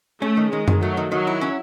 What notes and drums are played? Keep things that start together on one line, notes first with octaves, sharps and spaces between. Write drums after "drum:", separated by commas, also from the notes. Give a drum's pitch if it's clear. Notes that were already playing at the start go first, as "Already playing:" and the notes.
A3 C#4
D#3
D#3 G#3
D#3, drum: tom F#2
F#3 A3
D#3
D#3 F#3
E4
C#4